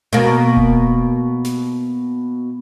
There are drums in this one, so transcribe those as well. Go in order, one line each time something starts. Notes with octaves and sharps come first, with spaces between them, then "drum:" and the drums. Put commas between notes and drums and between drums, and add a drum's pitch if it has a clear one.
B2 A#3
drum: kick E1
drum: snare